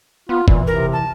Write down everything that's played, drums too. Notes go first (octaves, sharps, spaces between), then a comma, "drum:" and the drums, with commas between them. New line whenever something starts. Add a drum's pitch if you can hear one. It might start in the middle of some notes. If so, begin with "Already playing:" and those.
B3 F4
A#2 E3, drum: kick
C3 A#4
A5